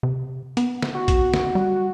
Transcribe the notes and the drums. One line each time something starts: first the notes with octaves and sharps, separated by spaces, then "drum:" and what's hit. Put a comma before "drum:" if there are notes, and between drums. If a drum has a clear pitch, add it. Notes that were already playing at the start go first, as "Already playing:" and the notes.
C3
B3, drum: hi-hat
drum: snare
F#4
drum: kick, hi-hat
drum: snare
G3